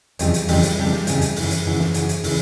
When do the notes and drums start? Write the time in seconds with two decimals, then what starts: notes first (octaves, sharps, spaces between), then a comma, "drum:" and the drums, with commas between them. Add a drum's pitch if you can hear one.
0.19 F2 C#3 E3 G3, drum: hi-hat
0.34 drum: hi-hat
0.48 F2 C#3 E3 G3, drum: open hi-hat
0.63 drum: hi-hat
0.78 F2 C#3 E3 G3
0.92 drum: snare
1.07 F2 C#3 E3 G3, drum: hi-hat
1.21 drum: hi-hat
1.36 F#2 C#3 E3, drum: open hi-hat
1.51 drum: hi-hat
1.65 F#2 C#3 E3
1.80 drum: snare
1.94 F#2 C#3 E3, drum: hi-hat
2.09 drum: hi-hat
2.24 C#3 E3, drum: open hi-hat